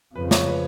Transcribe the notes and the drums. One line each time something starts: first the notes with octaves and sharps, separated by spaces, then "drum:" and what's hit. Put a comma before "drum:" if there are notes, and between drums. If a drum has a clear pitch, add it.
F2 C#3 F3 B4
C#5, drum: snare
B4